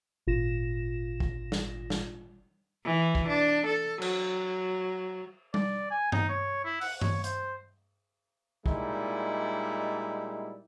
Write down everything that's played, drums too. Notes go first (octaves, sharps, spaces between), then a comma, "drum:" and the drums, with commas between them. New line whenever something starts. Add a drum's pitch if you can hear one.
G#1 A#2 F4 A#6 E7
drum: kick
drum: snare
drum: snare
E3
drum: kick
D4
A4
F#3, drum: cymbal
D5, drum: tom G3
G#5
D#4, drum: tom G2
C#5
E4
F#5, drum: open hi-hat
C#5, drum: tom G2
C5, drum: hi-hat
A#2 G3 G#3 D#4 E4, drum: kick